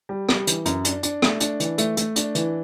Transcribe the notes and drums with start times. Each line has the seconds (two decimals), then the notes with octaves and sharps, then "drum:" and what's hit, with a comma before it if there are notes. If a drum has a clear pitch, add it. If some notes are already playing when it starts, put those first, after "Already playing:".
0.09 G3
0.29 G3, drum: rim click
0.47 E3, drum: hi-hat
0.65 F#2, drum: hi-hat
0.85 D4, drum: hi-hat
1.03 D4, drum: hi-hat
1.22 A3, drum: rim click
1.40 D4, drum: hi-hat
1.60 E3, drum: hi-hat
1.78 A3, drum: hi-hat
1.97 A3, drum: hi-hat
2.16 D4, drum: hi-hat
2.35 E3, drum: hi-hat